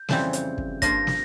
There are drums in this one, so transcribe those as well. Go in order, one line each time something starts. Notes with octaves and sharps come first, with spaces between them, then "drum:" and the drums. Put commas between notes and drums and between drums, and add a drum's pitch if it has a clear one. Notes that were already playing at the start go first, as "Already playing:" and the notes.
Already playing: G6
F2 C#3 E3 G3 C4, drum: snare
drum: hi-hat
drum: kick
G2 F3 A#3 F4 A#6, drum: kick, hi-hat
drum: snare